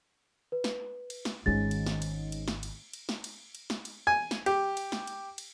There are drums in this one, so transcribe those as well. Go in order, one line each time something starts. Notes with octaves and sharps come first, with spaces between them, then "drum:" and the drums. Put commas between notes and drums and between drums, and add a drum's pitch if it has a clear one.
B4
drum: snare
drum: cymbal
drum: snare
G#1 G#2 D#3 G#3 C#4 A6
drum: cymbal
drum: snare
drum: cymbal
drum: cymbal
drum: snare
drum: cymbal
drum: cymbal
drum: snare
drum: cymbal
drum: cymbal
drum: snare
drum: cymbal
G#5
drum: snare
G4, drum: cymbal
drum: cymbal
drum: snare
drum: cymbal
drum: cymbal